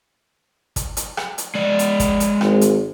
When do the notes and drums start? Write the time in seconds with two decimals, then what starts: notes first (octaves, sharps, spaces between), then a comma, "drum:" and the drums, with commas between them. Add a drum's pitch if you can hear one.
0.76 drum: kick, hi-hat
0.97 drum: hi-hat
1.17 drum: rim click
1.38 drum: hi-hat
1.55 G#3 D5
1.79 drum: hi-hat
2.00 drum: kick, hi-hat
2.20 drum: hi-hat
2.41 G#1, drum: rim click
2.61 drum: hi-hat